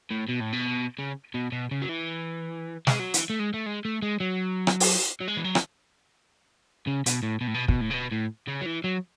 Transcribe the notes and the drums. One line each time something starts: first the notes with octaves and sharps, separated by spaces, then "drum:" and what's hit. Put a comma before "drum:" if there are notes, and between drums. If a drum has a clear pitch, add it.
A2
B2
A2
B2
C#3
B2
B2
C#3
F#3
E3
G#3, drum: snare
F#3
E3, drum: hi-hat
A3
G#3
A3
G#3
A3
G#3
F#3
drum: rim click
drum: open hi-hat
F#3
G#3
E3
F#3
drum: rim click
C#3
B2, drum: hi-hat
A2
B2
A2
B2
B2, drum: kick
A2
C#3
B2
A2
C#3
F#3
E3
F#3